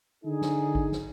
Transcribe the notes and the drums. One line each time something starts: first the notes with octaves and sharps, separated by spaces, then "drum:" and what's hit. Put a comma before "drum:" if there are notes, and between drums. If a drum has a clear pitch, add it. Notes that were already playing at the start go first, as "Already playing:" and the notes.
D3 D#4 G#4
drum: snare
drum: kick G#1
drum: snare